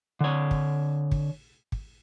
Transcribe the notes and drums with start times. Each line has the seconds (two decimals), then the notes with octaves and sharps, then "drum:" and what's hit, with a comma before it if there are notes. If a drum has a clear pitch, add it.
0.21 D3 C#5
0.51 drum: kick
1.12 drum: kick
1.72 drum: kick